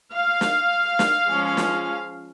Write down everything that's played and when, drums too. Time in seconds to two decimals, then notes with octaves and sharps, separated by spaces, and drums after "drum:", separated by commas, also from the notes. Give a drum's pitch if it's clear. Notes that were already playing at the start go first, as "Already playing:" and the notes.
0.12 F5
0.41 drum: snare
0.99 drum: snare
1.28 F3 G#3 C#4
1.57 drum: snare